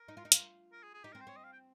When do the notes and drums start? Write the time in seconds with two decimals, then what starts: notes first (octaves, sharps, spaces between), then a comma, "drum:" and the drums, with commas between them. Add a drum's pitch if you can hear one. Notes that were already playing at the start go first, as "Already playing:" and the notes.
Already playing: A#4
0.08 D#4
0.17 F4
0.25 D#4
0.32 F4, drum: hi-hat
0.73 A#4
0.83 G#4
0.94 G#4
1.04 D#4 G4
1.13 C4 A#4
1.21 C5
1.27 C4 C#5
1.37 D#5
1.44 F5
1.53 G5